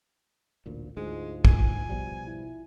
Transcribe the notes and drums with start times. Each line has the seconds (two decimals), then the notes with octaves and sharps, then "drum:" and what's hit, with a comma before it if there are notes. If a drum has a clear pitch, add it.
0.66 A1 D2 A#2
0.97 D2 G#2 G#3 F4
1.45 G#5, drum: kick
1.89 B2 F3 G3
2.26 E4